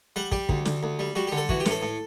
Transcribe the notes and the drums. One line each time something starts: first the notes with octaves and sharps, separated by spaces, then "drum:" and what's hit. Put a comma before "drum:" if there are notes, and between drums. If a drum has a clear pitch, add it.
G3 F#5
G3 G4, drum: kick
D2, drum: kick
D2, drum: snare
D2
G3
G3 F#4
D3 G4
A4
E3 F#4, drum: kick
G4
A2, drum: snare
A4
A2